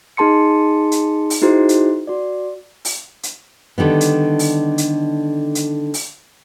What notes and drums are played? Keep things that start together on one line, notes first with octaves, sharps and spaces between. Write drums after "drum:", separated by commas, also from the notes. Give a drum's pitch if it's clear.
D#4 G#4 A5 C6 C#7
drum: hi-hat
drum: open hi-hat
D#4 E4 F#4 G#4 C5
drum: hi-hat
F#4 D5
drum: open hi-hat
drum: hi-hat
D3 D#3 G3 B3
drum: hi-hat
drum: open hi-hat
drum: hi-hat
drum: hi-hat
drum: open hi-hat